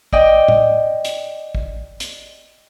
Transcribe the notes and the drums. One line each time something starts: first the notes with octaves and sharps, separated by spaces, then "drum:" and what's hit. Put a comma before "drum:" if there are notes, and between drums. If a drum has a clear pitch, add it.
D5 D#5 G5, drum: kick
drum: tom A2
drum: hi-hat
drum: kick
drum: hi-hat